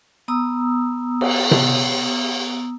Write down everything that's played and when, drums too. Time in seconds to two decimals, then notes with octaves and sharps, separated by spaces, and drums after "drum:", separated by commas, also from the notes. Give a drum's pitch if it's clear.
0.28 B3 A#5 D#6 E6
1.21 drum: cymbal
1.51 drum: tom C3